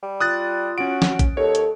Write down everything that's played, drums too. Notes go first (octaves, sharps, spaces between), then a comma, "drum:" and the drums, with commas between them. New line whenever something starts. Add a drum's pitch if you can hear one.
G3
F4 D#6 F#6 A6
C#4 F#4 D7
drum: snare
drum: kick A1, hi-hat
D#2 A4 C#5
drum: hi-hat